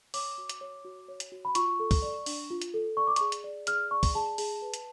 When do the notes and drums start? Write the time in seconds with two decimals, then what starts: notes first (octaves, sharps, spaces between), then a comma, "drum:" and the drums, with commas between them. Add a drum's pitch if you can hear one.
0.14 C#5 D6, drum: open hi-hat
0.38 F#4
0.49 drum: hi-hat
0.61 C#5
0.85 F#4
1.08 C#5
1.20 drum: hi-hat
1.32 F#4
1.45 B5
1.55 F4 C#6, drum: hi-hat
1.80 A4
1.91 drum: kick, open hi-hat
2.02 D5
2.26 D4, drum: open hi-hat
2.50 F4
2.62 drum: hi-hat
2.74 A4
2.97 D5 C#6
3.07 D6
3.16 G#4 C#6, drum: hi-hat
3.32 drum: hi-hat
3.44 D5
3.67 G#4 F6, drum: hi-hat
3.91 D5 C#6
4.03 drum: kick, open hi-hat
4.15 G#4 A5
4.38 G#4, drum: open hi-hat
4.62 B4
4.74 drum: hi-hat